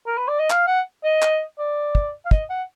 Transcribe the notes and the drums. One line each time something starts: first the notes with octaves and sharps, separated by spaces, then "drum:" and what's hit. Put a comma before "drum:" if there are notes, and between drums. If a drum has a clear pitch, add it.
A#4
B4
D5
D#5
F5, drum: clap
F#5
D#5
drum: clap
D5
drum: kick
F5
D#5, drum: kick
F#5